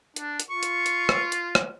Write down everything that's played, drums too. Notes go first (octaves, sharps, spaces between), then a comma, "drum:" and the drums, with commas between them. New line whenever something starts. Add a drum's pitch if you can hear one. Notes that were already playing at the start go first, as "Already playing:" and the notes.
D4, drum: hi-hat
drum: hi-hat
F4 C#6
drum: hi-hat
drum: hi-hat
drum: rim click
drum: hi-hat
drum: rim click